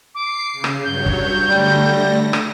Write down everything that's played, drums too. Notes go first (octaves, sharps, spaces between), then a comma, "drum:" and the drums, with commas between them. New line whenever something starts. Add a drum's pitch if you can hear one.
D6 C7
C#3
drum: rim click
G2 F#3 C#5 G6
drum: kick
D3 G3 A3 A#6
drum: rim click